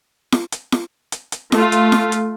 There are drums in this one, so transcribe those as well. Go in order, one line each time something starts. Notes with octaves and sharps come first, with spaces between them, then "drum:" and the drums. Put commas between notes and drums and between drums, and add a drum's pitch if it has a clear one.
drum: snare
drum: hi-hat
drum: snare
drum: hi-hat
drum: hi-hat
A3 F4, drum: snare
drum: hi-hat
drum: snare
drum: hi-hat